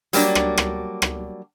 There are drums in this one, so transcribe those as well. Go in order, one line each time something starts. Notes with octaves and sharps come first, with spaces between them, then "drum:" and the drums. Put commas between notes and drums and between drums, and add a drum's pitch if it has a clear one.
F#3 G3 A#3 D4, drum: hi-hat
drum: rim click
drum: rim click
drum: rim click